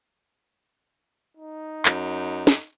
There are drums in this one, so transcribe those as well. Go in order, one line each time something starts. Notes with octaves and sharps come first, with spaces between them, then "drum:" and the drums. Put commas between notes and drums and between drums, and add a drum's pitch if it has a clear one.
D#4
F#2, drum: clap
drum: snare